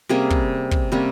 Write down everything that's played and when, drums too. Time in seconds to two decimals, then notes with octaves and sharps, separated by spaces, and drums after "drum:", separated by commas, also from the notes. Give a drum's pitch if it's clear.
0.09 C3 G3 A#3 C#4 G#4
0.30 drum: kick
0.71 drum: kick
0.92 C3 G3 A#3 C#4